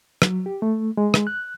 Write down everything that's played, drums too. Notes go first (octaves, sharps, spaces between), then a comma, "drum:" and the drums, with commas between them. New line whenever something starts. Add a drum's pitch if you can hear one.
F#3, drum: rim click
G4
A3
G#3
drum: rim click
F#6